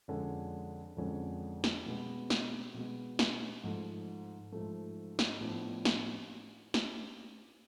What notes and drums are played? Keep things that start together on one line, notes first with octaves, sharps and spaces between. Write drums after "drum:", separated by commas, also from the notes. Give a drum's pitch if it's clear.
F2 D3 G#3 C#4
F2 D3 G#3 C#4
drum: snare
B2 G#3 B3
drum: snare
B2 G#3 B3
drum: snare
G#2 F3 A3
G#2 F3 A3
drum: snare
A2 F3 B3 D4
drum: snare
drum: snare